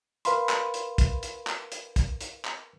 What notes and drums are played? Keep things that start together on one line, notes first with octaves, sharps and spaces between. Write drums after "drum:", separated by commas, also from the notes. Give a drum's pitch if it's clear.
A#4 B4 F5 B5 C6, drum: hi-hat
drum: clap
drum: hi-hat
drum: kick, hi-hat
drum: hi-hat
drum: clap
drum: hi-hat
drum: kick, hi-hat
drum: hi-hat
drum: clap